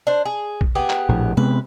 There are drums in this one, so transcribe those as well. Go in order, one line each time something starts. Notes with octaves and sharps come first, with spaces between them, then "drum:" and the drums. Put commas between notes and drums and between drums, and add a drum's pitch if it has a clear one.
D4 C5
G#4
drum: kick
B3 G4 G#4
drum: clap
A#1 A2
C3 G#3 B3 B4